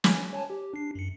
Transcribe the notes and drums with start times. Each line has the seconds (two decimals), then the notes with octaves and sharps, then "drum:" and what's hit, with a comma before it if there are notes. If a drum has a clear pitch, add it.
0.04 G#5, drum: snare
0.33 C#5 G#5 A5
0.50 G4
0.74 D4 C7
0.95 F#2 C#7